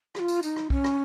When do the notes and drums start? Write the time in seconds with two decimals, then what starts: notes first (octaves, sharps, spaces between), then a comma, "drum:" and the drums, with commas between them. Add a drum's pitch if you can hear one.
0.15 G#4, drum: rim click
0.19 F4
0.28 drum: tambourine
0.43 D#4, drum: tambourine
0.56 drum: rim click
0.70 C#4, drum: kick B1
0.84 drum: rim click